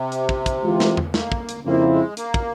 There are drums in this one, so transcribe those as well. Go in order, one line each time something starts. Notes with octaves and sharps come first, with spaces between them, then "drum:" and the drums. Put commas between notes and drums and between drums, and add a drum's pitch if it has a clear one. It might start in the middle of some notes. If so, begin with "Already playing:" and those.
Already playing: C3
drum: hi-hat
drum: kick
drum: kick, hi-hat
E3 G#3 C4 F4
drum: snare
drum: tom E2
A#3, drum: snare
drum: kick
drum: hi-hat
F2 C#3 F3 A#3 C4 E4
G#3
A#3, drum: hi-hat
drum: kick